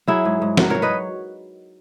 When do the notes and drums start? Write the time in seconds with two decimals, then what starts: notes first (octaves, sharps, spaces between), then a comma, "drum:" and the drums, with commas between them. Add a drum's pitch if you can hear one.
0.07 F#3 E4 G#4
0.25 G#2
0.42 G#2
0.57 F#3 F#4 A#4, drum: snare
0.70 F#3 A#4 C#5
0.82 B4 D#5